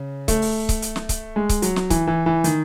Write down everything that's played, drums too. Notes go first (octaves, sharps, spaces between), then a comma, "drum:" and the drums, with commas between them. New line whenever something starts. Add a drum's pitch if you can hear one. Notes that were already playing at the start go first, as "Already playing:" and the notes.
Already playing: C#3
A3, drum: kick C#1, hi-hat
drum: open hi-hat
drum: kick C#1, hi-hat
drum: hi-hat
drum: snare
drum: kick C#1, hi-hat
G#3
drum: kick C#1, hi-hat
F#3, drum: hi-hat
drum: snare
E3, drum: kick C#1, hi-hat
E3
E3
D#3, drum: hi-hat